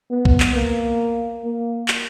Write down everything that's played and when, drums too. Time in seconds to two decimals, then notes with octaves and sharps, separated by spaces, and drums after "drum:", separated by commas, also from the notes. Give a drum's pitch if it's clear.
0.11 B3
0.25 drum: kick
0.40 drum: clap
0.55 A#3
1.44 A#3
1.88 drum: clap